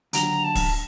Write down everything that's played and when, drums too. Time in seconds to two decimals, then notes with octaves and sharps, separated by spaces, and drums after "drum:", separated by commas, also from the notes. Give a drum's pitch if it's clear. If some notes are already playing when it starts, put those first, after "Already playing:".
0.13 D#2 D3 F#3 A#5, drum: hi-hat
0.44 A5
0.55 drum: kick, open hi-hat